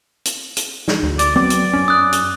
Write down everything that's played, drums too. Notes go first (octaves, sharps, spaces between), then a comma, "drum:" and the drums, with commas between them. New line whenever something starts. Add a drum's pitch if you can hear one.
drum: hi-hat
drum: hi-hat
drum: snare
D2
D5, drum: hi-hat
F#3 B3 C4 D5
drum: hi-hat
F#2 C#4
D#6 F#6
drum: hi-hat